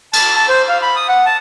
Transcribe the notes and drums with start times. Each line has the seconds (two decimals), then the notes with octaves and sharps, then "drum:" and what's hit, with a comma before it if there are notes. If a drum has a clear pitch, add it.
0.13 A5, drum: cymbal
0.36 A5
0.49 C5
0.69 F5
0.82 B5
0.96 D#6
1.08 F#5
1.26 A5